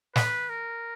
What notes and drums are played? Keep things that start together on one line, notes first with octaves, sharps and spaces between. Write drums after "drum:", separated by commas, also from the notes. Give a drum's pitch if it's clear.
B4, drum: snare
A#4